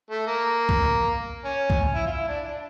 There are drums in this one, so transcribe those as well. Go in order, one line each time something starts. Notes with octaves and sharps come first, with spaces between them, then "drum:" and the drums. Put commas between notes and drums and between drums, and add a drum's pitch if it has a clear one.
A3
A#3
drum: kick B1
C#4
drum: kick B1
E4
F4
E4
D4
D4